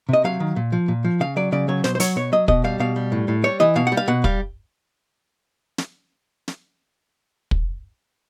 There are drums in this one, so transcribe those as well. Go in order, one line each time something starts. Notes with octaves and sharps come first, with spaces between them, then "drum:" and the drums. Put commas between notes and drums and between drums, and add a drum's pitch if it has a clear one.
C3 D#5
F#3 F5
D#3
A#2
F3
A#2
F3
C#3 F5
F#3 D5
C#3 D5
F#3 C#5
B2 C5, drum: snare
C5
F#3 C#5, drum: hi-hat
B2 C#5
F#3 D#5
B2 D#5, drum: kick
G3 F5
B2 F5
G3
A2
A2
G3 C#5
E3 D#5
B2 F5
F#5
G3
F5
B2 F#5
G3 F5, drum: kick
drum: snare
drum: snare
drum: kick